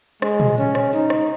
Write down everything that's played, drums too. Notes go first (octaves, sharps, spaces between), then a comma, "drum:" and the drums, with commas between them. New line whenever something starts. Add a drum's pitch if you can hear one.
G#3, drum: rim click
drum: tom A#2
C#4, drum: tambourine
drum: rim click
D#4, drum: tambourine
drum: rim click